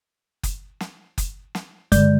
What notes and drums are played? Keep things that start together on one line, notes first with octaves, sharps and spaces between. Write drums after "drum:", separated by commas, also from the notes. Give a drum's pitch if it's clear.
drum: kick F#1, hi-hat
drum: snare
drum: kick F#1, hi-hat
drum: snare
G2 D3 G#3 D5 G6, drum: kick F#1, hi-hat